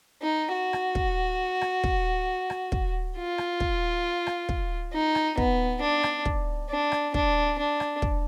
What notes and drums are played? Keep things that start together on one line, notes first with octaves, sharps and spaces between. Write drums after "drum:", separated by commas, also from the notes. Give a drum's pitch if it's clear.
D#4
F#4
drum: rim click
drum: kick
drum: rim click
drum: kick
drum: rim click
drum: kick
F4
drum: rim click
drum: kick
drum: rim click
drum: kick
D#4
drum: rim click
B3, drum: kick
D4
drum: rim click
drum: kick
D4
drum: rim click
D4, drum: kick
D4
drum: rim click
drum: kick